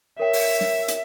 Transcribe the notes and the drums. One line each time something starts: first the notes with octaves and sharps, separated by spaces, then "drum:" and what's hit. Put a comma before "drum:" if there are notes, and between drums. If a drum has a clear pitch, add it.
A#4 C#5 E5 G5
drum: open hi-hat
drum: snare
drum: hi-hat